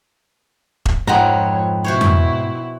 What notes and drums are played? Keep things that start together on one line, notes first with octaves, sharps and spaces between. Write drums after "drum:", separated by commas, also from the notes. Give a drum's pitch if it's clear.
drum: kick E1
F2 G#2 F3 B3 C4 C#5 F#5 A#5
B2 E4 F#4 C5 C#5
drum: tom F2